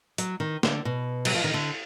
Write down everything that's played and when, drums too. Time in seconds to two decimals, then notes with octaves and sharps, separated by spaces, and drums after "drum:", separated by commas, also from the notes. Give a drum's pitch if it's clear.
0.18 F#3, drum: hi-hat
0.40 D#3
0.63 D3, drum: snare
0.85 B2
1.25 F#3, drum: cymbal
1.35 F3
1.44 D#3
1.54 D3